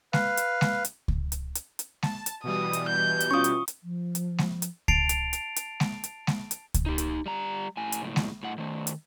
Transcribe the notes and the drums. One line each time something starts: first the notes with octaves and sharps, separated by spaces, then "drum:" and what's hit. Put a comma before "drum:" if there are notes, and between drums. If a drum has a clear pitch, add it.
B4 F5, drum: snare G#3
drum: hi-hat
drum: snare G#3
drum: hi-hat
drum: kick C#2
drum: hi-hat
drum: hi-hat
drum: hi-hat
A5, drum: snare G#3
drum: hi-hat
B2 E3 G3 D#6
drum: hi-hat
G6
drum: hi-hat
C#4 F4 C#6 D#6
drum: hi-hat
drum: hi-hat
F3
drum: hi-hat
drum: snare G#3
drum: hi-hat
A5 A6 C7 D7 F7, drum: kick C#2
drum: hi-hat
drum: hi-hat
drum: hi-hat
drum: snare G#3
drum: hi-hat
drum: snare G#3
drum: hi-hat
drum: kick C#2, hi-hat
D#4 G4
drum: hi-hat
G3 A#5
A2 G#5
drum: hi-hat
C#2 A2
drum: snare G#3
A2 F#5
D#3 A3
drum: hi-hat